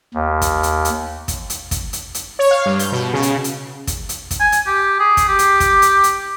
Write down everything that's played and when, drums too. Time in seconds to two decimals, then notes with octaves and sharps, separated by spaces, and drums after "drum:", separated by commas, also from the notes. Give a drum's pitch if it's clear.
0.14 D#2
0.42 drum: kick, hi-hat
0.63 drum: hi-hat
0.85 drum: hi-hat
1.28 drum: kick, hi-hat
1.50 drum: hi-hat
1.71 drum: kick, hi-hat
1.93 drum: hi-hat
2.14 drum: hi-hat
2.39 C#5
2.51 F5
2.66 G2
2.79 G6, drum: hi-hat
2.92 B2
3.13 C#3
3.23 drum: hi-hat
3.44 drum: hi-hat
3.87 drum: kick, hi-hat
4.09 drum: hi-hat
4.31 drum: kick, hi-hat
4.40 G#5
4.52 drum: hi-hat
4.67 G4
5.00 G#4
5.17 drum: kick, hi-hat
5.29 G4
5.39 drum: hi-hat
5.60 drum: kick, hi-hat
5.82 drum: hi-hat
6.04 drum: hi-hat